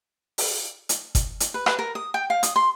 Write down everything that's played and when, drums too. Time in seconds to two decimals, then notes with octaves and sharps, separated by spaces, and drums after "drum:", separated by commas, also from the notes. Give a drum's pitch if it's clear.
0.38 drum: open hi-hat
0.89 drum: hi-hat
1.15 drum: kick G1, hi-hat
1.40 drum: hi-hat
1.54 B4
1.66 B4, drum: rim click
1.79 A#4
1.95 D#6
2.14 G5
2.30 F5
2.43 D#6, drum: hi-hat
2.56 C6